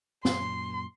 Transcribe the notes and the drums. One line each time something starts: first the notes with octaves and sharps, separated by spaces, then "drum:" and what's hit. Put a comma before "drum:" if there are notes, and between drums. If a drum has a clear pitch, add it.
F#2 A#2 C6, drum: snare